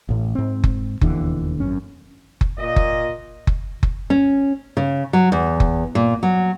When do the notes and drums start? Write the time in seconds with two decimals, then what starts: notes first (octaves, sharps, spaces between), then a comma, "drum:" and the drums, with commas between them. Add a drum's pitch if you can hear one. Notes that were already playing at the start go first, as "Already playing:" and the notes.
0.09 A1 A2
0.35 G#2 C4
0.64 drum: kick F#1
1.01 E1 D#2 D3 E3, drum: kick F#1
1.60 G#1 F#2 C#4
2.41 drum: kick F#1
2.59 A#2 D#5
2.76 drum: kick F#1
3.47 drum: kick F#1
3.83 drum: kick F#1
4.10 C#4
4.77 C#3
5.13 F#3
5.32 E2
5.60 drum: kick F#1
5.95 A#2
6.23 F#3